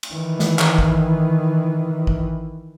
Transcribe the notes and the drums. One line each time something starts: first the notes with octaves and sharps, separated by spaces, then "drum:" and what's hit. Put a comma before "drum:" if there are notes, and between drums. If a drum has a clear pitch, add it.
drum: cymbal
D#3 E3
drum: snare
drum: clap
drum: kick A1
drum: kick A1